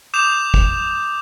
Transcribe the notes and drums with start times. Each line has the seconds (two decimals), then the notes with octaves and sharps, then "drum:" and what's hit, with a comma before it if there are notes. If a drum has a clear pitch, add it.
0.14 D6 D#6 G6 E7 F7
0.54 drum: kick